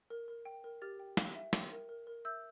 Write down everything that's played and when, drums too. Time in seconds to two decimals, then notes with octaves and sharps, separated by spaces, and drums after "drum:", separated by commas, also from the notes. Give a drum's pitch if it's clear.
0.10 A#4
0.28 A#4
0.45 G5
0.64 A#4
0.82 G4 F6 A6
1.00 G5
1.17 G5, drum: snare
1.36 E5
1.53 G5, drum: snare
1.72 A#4
1.89 A#4
2.07 A#4
2.25 E5 E6 G6